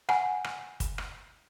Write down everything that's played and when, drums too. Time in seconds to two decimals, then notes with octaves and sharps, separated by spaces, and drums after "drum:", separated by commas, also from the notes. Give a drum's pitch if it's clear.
0.09 F#5 G#5, drum: rim click
0.44 drum: rim click
0.80 drum: kick, hi-hat
0.98 drum: rim click